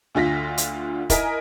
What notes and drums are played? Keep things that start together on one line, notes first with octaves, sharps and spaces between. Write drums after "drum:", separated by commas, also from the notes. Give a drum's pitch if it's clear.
D2 D3 F4 A#6 B6
drum: hi-hat
E4 A#4 D#5 G#5 B6, drum: kick E1, hi-hat